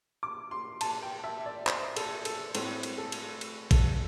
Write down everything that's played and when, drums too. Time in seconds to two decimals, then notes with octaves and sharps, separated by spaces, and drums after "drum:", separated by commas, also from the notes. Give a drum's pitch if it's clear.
0.23 D6
0.51 C6
0.81 A5, drum: cymbal
1.03 G5
1.24 E5
1.46 D5
1.67 C5, drum: clap
1.96 A4, drum: cymbal
2.25 A4, drum: cymbal
2.55 A2 A3 C4 C5, drum: cymbal
2.83 drum: cymbal
2.98 A4
3.12 drum: cymbal
3.41 drum: cymbal
3.71 A4, drum: kick A#1, cymbal